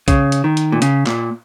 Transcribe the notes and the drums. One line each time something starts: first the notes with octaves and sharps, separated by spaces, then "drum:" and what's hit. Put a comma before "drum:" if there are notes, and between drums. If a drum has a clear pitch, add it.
C#3, drum: kick B1, hi-hat
drum: hi-hat
D#3
drum: hi-hat
A#2
C#3, drum: hi-hat
A#2, drum: clap